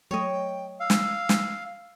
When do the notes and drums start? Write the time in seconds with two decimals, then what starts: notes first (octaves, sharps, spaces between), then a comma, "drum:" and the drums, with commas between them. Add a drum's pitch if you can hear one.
0.11 F#3 A3 C#5 D#5 G5
0.80 F5 E6
0.90 drum: snare
1.29 drum: snare